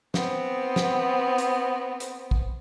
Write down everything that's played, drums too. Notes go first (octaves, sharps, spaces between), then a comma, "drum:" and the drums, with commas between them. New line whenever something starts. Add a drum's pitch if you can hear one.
B3 C4, drum: snare
drum: snare
drum: hi-hat
drum: hi-hat
drum: kick